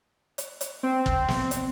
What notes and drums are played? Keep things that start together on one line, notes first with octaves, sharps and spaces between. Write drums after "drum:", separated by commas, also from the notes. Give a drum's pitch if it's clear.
drum: hi-hat
drum: hi-hat
C4
drum: kick
drum: snare
drum: hi-hat